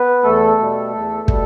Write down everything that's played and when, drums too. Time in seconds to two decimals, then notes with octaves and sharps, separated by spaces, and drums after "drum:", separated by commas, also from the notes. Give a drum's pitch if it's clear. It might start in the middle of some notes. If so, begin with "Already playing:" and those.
Already playing: B3 B4
0.23 E2 A3 A4
0.59 B2 G3
0.93 E2
1.28 B2 G3, drum: kick